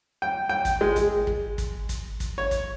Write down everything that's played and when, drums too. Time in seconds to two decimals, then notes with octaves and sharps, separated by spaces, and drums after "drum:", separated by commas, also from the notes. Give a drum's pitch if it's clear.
0.22 G5
0.49 G5
0.65 drum: kick, hi-hat
0.81 G#3
0.96 drum: kick, hi-hat
1.27 drum: kick
1.58 drum: kick, hi-hat
1.89 drum: kick, hi-hat
2.20 drum: kick, hi-hat
2.38 C#5
2.51 drum: kick, hi-hat